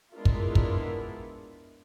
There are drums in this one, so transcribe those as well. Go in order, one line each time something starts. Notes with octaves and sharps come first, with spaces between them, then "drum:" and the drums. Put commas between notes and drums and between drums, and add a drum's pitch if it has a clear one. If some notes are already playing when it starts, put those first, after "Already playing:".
G#3 B3 D4 E4 F4 A#4
drum: kick
drum: kick